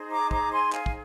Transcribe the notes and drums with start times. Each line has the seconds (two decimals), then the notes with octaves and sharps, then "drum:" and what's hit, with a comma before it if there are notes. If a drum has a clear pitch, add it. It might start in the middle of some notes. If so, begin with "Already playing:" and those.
Already playing: D#4 G#4 C5
0.11 A#5 D6
0.31 A#5 D6, drum: kick
0.52 G#5 C6
0.73 F5 G#5, drum: clap
0.86 drum: kick